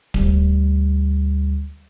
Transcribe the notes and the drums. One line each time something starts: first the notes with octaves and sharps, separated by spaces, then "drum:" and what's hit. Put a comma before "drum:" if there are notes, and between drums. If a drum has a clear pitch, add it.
D2 G3, drum: kick D1